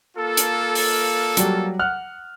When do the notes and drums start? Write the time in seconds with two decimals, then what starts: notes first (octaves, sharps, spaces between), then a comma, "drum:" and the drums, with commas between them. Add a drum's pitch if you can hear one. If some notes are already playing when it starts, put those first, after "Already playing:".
0.17 A#3 F4 A4
0.37 drum: hi-hat
0.75 drum: open hi-hat
1.37 F#3 G3, drum: hi-hat
1.79 F#5 F6 F#6